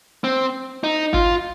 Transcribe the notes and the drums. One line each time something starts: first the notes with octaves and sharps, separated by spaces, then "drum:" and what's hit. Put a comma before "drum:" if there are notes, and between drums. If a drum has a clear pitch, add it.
C4
D#4
F4, drum: kick G#1